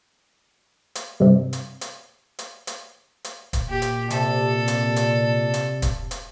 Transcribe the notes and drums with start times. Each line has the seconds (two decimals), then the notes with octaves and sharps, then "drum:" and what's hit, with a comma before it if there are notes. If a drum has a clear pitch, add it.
0.95 drum: hi-hat
1.20 G2 C3
1.53 drum: hi-hat
1.81 drum: hi-hat
2.39 drum: hi-hat
2.67 drum: hi-hat
3.24 drum: hi-hat
3.53 drum: kick, hi-hat
3.69 A#2 G4
3.82 drum: hi-hat
4.10 C3 A4 D5, drum: hi-hat
4.68 drum: hi-hat
4.96 drum: hi-hat
5.54 drum: hi-hat
5.82 drum: kick, hi-hat
6.11 drum: hi-hat